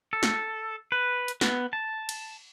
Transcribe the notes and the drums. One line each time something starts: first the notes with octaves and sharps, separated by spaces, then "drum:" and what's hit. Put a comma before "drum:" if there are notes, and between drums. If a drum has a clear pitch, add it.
A4
drum: snare
B4
drum: hi-hat
B3, drum: snare
A5
drum: cymbal